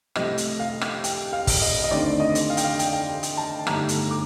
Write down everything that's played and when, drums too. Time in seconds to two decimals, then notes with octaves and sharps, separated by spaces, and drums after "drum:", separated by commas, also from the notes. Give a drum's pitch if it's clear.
0.15 C2 C3 F3 A3 D#5, drum: rim click
0.38 drum: hi-hat
0.60 F5
0.81 drum: rim click
1.04 G5, drum: hi-hat
1.33 F5
1.47 drum: kick, open hi-hat
1.62 D#5
1.84 D#5
1.91 D#2 D3 A3 C4 D#4 D5
2.20 D#5
2.35 drum: hi-hat
2.50 F5
2.57 G5, drum: hi-hat
2.64 F5
2.79 G5, drum: hi-hat
2.86 F5
2.93 G5
3.09 G5
3.23 drum: hi-hat
3.37 A5
3.67 G1 G2 D3 A3 D#4 A#5, drum: rim click
3.89 drum: hi-hat
4.11 D6